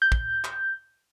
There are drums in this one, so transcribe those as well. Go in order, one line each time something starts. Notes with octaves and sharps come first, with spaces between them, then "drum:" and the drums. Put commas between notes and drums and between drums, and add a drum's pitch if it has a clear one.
G6
drum: kick
drum: clap